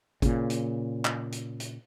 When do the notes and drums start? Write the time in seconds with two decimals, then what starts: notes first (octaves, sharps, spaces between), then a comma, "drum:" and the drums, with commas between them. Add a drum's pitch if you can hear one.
0.22 A#2 C#3, drum: kick G#1, hi-hat
0.50 drum: hi-hat
1.05 drum: clap
1.32 drum: hi-hat
1.60 drum: hi-hat